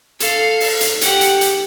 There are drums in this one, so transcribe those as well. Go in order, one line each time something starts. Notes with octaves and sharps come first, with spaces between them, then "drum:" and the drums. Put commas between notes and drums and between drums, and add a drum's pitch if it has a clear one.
A4 F5, drum: hi-hat
drum: open hi-hat
drum: hi-hat
G4 F#5, drum: hi-hat
drum: hi-hat
drum: hi-hat